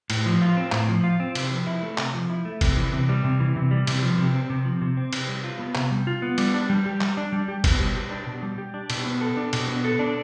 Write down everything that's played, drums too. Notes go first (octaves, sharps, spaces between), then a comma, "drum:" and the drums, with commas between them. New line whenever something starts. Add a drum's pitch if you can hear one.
A2, drum: cymbal
F3
F4
C4
A2, drum: clap
F3
F4
C4
C3, drum: cymbal
F3
E4
A3
C3, drum: clap
F3
E4
A3
C3, drum: kick G1, cymbal
E3
C3
G3
C3
E3
C3
G3
C3, drum: cymbal
F3
C3
C4
C3
F3
C3
C4
C3, drum: cymbal
G3
F4
B3
C3, drum: clap
G3
F4
B3
G3, drum: cymbal
D4
G3
G4
G3, drum: clap
D4
G3
G4
B2, drum: kick G1, cymbal
G3
G4
D4
B2
G3
G4
D4
B2, drum: cymbal
B3
A4
D4
B2, drum: cymbal
B3
A4
D4